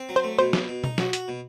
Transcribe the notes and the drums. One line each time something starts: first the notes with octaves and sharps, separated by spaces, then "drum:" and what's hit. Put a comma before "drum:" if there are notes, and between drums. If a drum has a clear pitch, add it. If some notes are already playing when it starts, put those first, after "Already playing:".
Already playing: C4
F#3
C5
A3
B2 C5
B2, drum: snare
B2
D#4, drum: tom B2
F#4, drum: snare
F#4, drum: hi-hat
B2